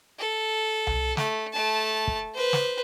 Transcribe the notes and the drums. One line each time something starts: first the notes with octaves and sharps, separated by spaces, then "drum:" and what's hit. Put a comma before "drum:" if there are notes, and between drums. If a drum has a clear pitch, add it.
A4
drum: tom C2
A3, drum: snare
A3 A5
drum: kick
B4 C5
drum: snare